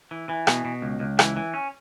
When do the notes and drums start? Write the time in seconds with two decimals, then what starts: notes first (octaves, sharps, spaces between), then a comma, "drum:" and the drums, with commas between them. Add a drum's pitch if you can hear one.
0.11 E3
0.29 E3
0.47 B2, drum: rim click
0.65 B2
0.82 C#2
1.00 C#2
1.19 E3, drum: rim click
1.37 E3
1.54 C#4